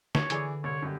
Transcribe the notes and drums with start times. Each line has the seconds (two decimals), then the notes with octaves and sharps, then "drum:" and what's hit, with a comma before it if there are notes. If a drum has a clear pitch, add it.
0.15 C#5, drum: snare
0.30 D3 E3 G#4 D5, drum: hi-hat
0.64 C2 C#5
0.82 F#2 G3 G4